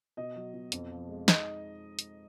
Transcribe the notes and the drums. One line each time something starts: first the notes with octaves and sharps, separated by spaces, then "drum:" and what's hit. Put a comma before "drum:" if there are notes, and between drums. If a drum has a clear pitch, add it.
B2 D#5
F#3
B2
F2, drum: hi-hat
F3
G#3
D#4 D#5, drum: snare
drum: hi-hat